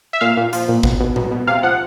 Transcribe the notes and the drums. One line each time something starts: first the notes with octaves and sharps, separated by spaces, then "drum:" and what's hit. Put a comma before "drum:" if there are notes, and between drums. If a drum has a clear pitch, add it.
E5
A#2 F5
A#2
F3, drum: hi-hat
A#2
B2, drum: kick
B2
B2, drum: tom A#2
B2
C3 F5
F3 F#5